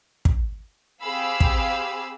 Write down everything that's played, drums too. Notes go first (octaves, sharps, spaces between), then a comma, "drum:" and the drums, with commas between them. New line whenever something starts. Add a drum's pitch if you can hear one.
drum: kick
C4 G4 G#4 F5 B5 E6
drum: kick